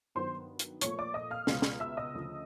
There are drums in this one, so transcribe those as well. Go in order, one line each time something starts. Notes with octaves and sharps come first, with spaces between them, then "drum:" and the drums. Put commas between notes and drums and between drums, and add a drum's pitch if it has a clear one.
G2 D#3 F#3 B3 C5 C6
drum: hi-hat
A#2 F3 A3 C#5 C#6, drum: hi-hat
D5 D6
D#5 D#6
F5 F6
C#2 B2 G#3 B3, drum: snare
drum: snare
E5 E6
D#5 D#6
D2 C#3 F3